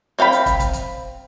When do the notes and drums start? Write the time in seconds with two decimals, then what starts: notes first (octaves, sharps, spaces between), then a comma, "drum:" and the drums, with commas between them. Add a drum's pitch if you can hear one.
0.19 C4 F5 G5 B5
0.32 drum: hi-hat
0.46 drum: kick, hi-hat
0.60 drum: kick, hi-hat
0.73 drum: hi-hat